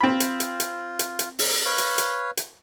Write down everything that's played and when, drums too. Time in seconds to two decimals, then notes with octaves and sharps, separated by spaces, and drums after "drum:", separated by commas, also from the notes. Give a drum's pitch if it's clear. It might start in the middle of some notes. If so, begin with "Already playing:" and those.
0.01 C4 F4 B5
0.20 drum: hi-hat
0.40 drum: hi-hat
0.60 drum: hi-hat
0.99 drum: hi-hat
1.19 drum: hi-hat
1.39 drum: open hi-hat
1.65 B4 C#5 F5
1.78 drum: hi-hat
1.98 drum: hi-hat
2.37 drum: hi-hat